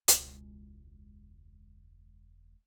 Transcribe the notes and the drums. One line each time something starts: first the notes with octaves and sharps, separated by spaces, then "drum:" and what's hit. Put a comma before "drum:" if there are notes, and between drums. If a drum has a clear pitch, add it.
E1 C#2, drum: hi-hat